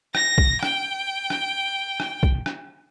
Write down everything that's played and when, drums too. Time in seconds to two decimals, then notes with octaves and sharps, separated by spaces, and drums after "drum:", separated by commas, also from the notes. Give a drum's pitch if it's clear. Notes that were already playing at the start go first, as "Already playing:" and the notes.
0.15 A#6, drum: rim click
0.38 drum: kick
0.63 G5, drum: rim click
1.30 drum: rim click
2.00 drum: rim click
2.23 drum: kick
2.46 drum: rim click